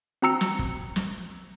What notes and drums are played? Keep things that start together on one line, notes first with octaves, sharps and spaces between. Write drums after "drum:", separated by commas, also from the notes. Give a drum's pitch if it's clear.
C4 F#4 A#5 E6 C#7
drum: snare
drum: kick
drum: snare